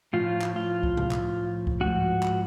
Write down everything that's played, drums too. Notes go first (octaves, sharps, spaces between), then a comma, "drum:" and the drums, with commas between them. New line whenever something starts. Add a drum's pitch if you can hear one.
A2 F3 F4
drum: clap
F4
drum: kick C2
drum: tom B2
drum: clap
drum: kick C2
G#2 F3 F#4
drum: clap